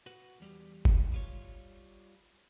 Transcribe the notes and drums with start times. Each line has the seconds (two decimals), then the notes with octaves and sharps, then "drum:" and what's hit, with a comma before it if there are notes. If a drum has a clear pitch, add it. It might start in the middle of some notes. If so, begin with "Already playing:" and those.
0.06 F#4 B4 F#5
0.40 E2 G3 G4
0.85 drum: kick F#1
1.12 G3 F4 C#5